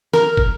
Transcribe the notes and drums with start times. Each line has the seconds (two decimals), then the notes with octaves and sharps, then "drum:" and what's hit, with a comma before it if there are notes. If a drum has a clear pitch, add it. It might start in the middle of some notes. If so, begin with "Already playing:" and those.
0.13 A#4, drum: snare
0.37 drum: kick